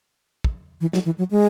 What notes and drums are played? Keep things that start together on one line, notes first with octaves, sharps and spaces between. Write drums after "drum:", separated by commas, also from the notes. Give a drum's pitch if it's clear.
drum: kick
E3
F#3, drum: snare
E3
F#3
G#3